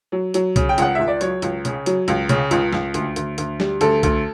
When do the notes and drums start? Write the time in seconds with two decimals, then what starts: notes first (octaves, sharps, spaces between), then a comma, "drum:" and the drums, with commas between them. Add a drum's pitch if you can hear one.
0.12 F#3
0.34 F#3, drum: hi-hat
0.56 C#3, drum: kick B1, hi-hat
0.69 G5
0.78 C#2 F#5, drum: hi-hat
0.95 C#2 E5
1.08 D5
1.21 F#3 C#5, drum: hi-hat
1.42 C#2, drum: hi-hat
1.65 C#3, drum: hi-hat
1.86 F#3, drum: hi-hat
2.08 C#2, drum: hi-hat
2.29 C#3, drum: hi-hat
2.51 C#2, drum: hi-hat
2.73 C#2, drum: snare
2.94 D2, drum: hi-hat
3.16 D2, drum: hi-hat
3.38 D2, drum: hi-hat
3.60 G3, drum: snare
3.81 D2 A4, drum: hi-hat
4.03 D2, drum: kick B1, hi-hat